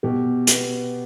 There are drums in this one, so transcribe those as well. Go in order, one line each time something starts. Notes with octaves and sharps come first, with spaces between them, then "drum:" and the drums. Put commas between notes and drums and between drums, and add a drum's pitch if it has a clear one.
B2 G4
B3, drum: hi-hat